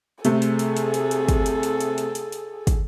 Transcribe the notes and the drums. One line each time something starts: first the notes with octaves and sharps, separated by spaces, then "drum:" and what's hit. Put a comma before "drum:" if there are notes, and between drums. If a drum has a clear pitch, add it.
C3 A3 G#4 A4, drum: hi-hat
drum: hi-hat
drum: hi-hat
drum: hi-hat
drum: hi-hat
drum: hi-hat
drum: kick, hi-hat
drum: hi-hat
drum: hi-hat
drum: hi-hat
drum: hi-hat
drum: hi-hat
drum: hi-hat
drum: kick, hi-hat